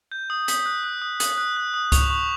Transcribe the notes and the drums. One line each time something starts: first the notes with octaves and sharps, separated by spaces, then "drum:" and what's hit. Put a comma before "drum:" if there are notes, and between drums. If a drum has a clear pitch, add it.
G6
D#6
D#6 B6, drum: hi-hat
F#6
F#6
D#6
D#6, drum: hi-hat
F#6
F#6
D#6
C#6 F7, drum: kick C#2, hi-hat
C#6